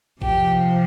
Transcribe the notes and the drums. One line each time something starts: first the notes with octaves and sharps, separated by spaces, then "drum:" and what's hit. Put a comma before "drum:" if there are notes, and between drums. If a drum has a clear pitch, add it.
C3 F3 G4, drum: kick A1